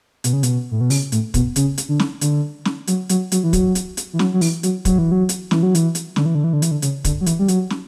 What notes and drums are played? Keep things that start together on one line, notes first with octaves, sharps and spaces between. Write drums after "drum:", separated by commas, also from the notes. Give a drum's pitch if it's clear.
B2, drum: hi-hat
C#3
B2, drum: hi-hat
A2
B2
C#3, drum: open hi-hat
A2, drum: hi-hat
B2, drum: kick, hi-hat
C#3, drum: hi-hat
drum: hi-hat
D3
drum: snare
D3, drum: hi-hat
drum: snare
F#3, drum: hi-hat
F#3, drum: hi-hat
F#3, drum: hi-hat
E3
F#3, drum: kick, hi-hat
drum: hi-hat
drum: hi-hat
E3
F#3, drum: snare
F#3
E3, drum: open hi-hat
F#3, drum: hi-hat
F#3, drum: kick, hi-hat
E3
F#3
drum: hi-hat
E3, drum: snare
F#3
E3, drum: hi-hat
drum: hi-hat
D3, drum: snare
E3
D3
E3
D3
E3, drum: hi-hat
D3
C#3, drum: hi-hat
D3, drum: kick, hi-hat
F#3
E3, drum: hi-hat
G3
F#3, drum: hi-hat
drum: snare